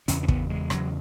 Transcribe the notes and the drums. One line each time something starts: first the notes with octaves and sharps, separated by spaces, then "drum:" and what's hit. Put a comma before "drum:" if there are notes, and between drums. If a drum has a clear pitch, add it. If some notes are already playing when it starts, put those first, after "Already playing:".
E2 C#3 C#4, drum: hi-hat
C#4
B3, drum: kick
G#3
E2 C#3 F#3, drum: rim click